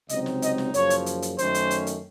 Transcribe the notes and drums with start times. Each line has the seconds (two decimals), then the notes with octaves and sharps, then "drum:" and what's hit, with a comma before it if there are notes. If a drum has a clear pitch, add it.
0.09 C#2 C3 F#3 C4 D#4 D#5, drum: hi-hat
0.26 drum: snare
0.42 D#5, drum: hi-hat
0.58 drum: snare
0.74 F#1 F#2 C#3 F3 C#5, drum: hi-hat
0.90 drum: hi-hat
1.06 drum: hi-hat
1.22 drum: hi-hat
1.38 F#2 D#3 A3 C#4 C5, drum: hi-hat
1.54 drum: hi-hat
1.71 drum: hi-hat
1.87 drum: hi-hat